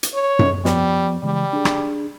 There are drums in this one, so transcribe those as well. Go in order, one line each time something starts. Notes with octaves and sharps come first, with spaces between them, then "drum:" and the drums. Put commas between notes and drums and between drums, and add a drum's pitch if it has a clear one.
drum: hi-hat
C#5
drum: tom F#2
F3 G3 B3, drum: snare
C#3 E3 G3 G#3
D4 G#4
drum: rim click